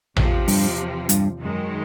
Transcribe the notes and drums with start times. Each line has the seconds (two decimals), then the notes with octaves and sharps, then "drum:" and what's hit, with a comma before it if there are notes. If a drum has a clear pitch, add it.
0.16 E2 C3 F3, drum: tom A1
0.48 G2, drum: open hi-hat
1.09 G2, drum: hi-hat
1.40 F#2 D#3 G#3